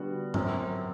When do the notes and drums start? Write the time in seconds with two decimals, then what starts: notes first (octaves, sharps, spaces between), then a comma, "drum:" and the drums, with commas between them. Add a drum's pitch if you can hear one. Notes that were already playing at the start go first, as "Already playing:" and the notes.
Already playing: D3 G3 B3 F#4
0.34 F#2 F#3 C4, drum: tom G#2